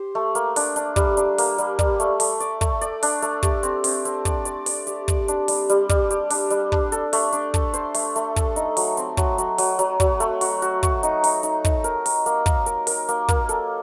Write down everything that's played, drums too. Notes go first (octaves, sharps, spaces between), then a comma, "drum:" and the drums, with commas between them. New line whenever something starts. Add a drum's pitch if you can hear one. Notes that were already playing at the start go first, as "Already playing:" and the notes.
Already playing: G4 C5
A3
A#3, drum: hi-hat
D4, drum: open hi-hat
D4, drum: hi-hat
G3, drum: kick, hi-hat
D4, drum: hi-hat
A#3, drum: open hi-hat
G3, drum: hi-hat
G3, drum: kick, hi-hat
A3, drum: hi-hat
A3, drum: open hi-hat
D5, drum: hi-hat
A3, drum: kick, hi-hat
D5, drum: hi-hat
D4, drum: open hi-hat
A3, drum: hi-hat
G4, drum: kick, hi-hat
C4, drum: hi-hat
C4, drum: open hi-hat
C4, drum: hi-hat
D5, drum: kick, hi-hat
D5, drum: hi-hat
D5, drum: open hi-hat
G4, drum: hi-hat
D5, drum: kick, hi-hat
D4, drum: hi-hat
G3, drum: open hi-hat
G3, drum: hi-hat
G3, drum: kick, hi-hat
G4, drum: hi-hat
D4, drum: open hi-hat
G3, drum: hi-hat
D4, drum: kick
A4, drum: hi-hat
A3, drum: open hi-hat
D4, drum: hi-hat
A4, drum: kick, hi-hat
C5, drum: hi-hat
A3, drum: open hi-hat
A3, drum: hi-hat
A4, drum: kick, hi-hat
D#4, drum: hi-hat
F#3, drum: open hi-hat
C4, drum: hi-hat
F#3, drum: kick, hi-hat
F#3, drum: hi-hat
F#3, drum: open hi-hat
F#3, drum: hi-hat
F#3, drum: kick, hi-hat
A3, drum: hi-hat
F#4, drum: open hi-hat
F#4, drum: hi-hat
F#4, drum: kick, hi-hat
D#4, drum: hi-hat
D#4, drum: open hi-hat
D#4, drum: hi-hat
D#4, drum: kick, hi-hat
A#4, drum: hi-hat
A#4, drum: open hi-hat
A#3, drum: hi-hat
A#3, drum: kick, hi-hat
A#4, drum: hi-hat
A#4, drum: open hi-hat
A#3, drum: hi-hat
A#3, drum: kick, hi-hat
A4, drum: hi-hat